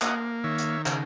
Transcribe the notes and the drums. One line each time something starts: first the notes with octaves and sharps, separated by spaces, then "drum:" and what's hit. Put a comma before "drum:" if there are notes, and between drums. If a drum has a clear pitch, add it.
A#3 D#5 F#5, drum: clap
D#3 C#5 E5
drum: hi-hat
C#3, drum: clap